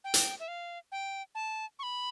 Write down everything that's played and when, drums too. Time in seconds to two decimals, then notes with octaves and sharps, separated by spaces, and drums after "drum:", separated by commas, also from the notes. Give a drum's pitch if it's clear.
0.04 G5
0.14 drum: hi-hat
0.40 E5
0.48 F5
0.92 G5
1.35 A5
1.79 C#6
1.83 B5